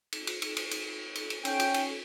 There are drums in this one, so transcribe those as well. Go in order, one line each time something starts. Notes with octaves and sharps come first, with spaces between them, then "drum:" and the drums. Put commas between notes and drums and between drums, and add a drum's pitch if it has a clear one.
drum: cymbal
drum: cymbal
drum: cymbal
drum: cymbal
drum: cymbal
drum: cymbal
drum: cymbal
C#4 G5, drum: cymbal
drum: cymbal
drum: cymbal